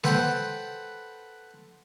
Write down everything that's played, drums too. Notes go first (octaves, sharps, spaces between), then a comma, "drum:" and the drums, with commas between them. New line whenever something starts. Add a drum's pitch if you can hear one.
A4 B4 C5 F#5 G5, drum: snare G#3